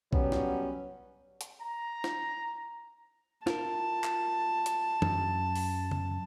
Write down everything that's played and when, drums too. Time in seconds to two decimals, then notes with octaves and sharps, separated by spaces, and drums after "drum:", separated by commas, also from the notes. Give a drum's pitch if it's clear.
0.13 F#3 G3 B3 C#4, drum: kick B1
0.32 drum: snare
1.41 drum: hi-hat
1.61 A#5
2.04 drum: snare
3.47 F4 A#4 A5, drum: snare
4.04 drum: clap
4.66 drum: hi-hat
5.02 F#2, drum: tom
5.55 drum: open hi-hat
5.91 drum: tom